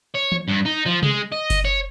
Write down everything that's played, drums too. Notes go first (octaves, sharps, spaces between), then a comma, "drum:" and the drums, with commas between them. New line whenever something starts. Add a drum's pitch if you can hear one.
C#5
drum: tom E3
G2
D#4
F3
G#3, drum: tom C3
D#5
drum: kick F#1, open hi-hat
C#5